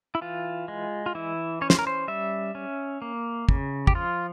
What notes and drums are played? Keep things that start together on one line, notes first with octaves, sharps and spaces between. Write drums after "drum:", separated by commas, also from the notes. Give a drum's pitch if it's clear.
E4
E3 F4
G#3
F4
E3 E4
C#4 C#5
C5, drum: snare
A#4
C5
G3 E5
C#4
A#3
C#3, drum: kick
G4, drum: kick
F3 F4